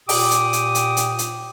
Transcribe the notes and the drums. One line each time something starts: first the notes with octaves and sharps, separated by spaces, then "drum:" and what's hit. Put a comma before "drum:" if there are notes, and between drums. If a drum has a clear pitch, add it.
A#2 G4 G5 D6 D#6, drum: open hi-hat
drum: hi-hat
drum: hi-hat
drum: hi-hat
drum: hi-hat
drum: hi-hat